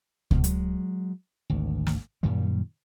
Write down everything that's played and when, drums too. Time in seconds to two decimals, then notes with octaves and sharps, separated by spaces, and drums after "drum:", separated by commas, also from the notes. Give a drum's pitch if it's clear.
0.31 C#2 B2 F3, drum: kick C#2
0.44 F#3 G#3, drum: hi-hat
1.50 G#1 D2
1.87 drum: snare
2.23 F#2 A#2 D#3 G3